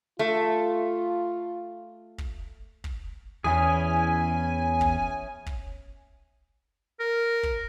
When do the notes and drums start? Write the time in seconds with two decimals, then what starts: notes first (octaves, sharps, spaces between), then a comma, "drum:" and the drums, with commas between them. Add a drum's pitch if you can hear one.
0.19 A3 F4
2.18 drum: kick
2.84 drum: kick
3.44 E2 C#4 E4 G#4 G#5
4.81 drum: kick
5.46 drum: kick
7.00 A#4
7.43 drum: kick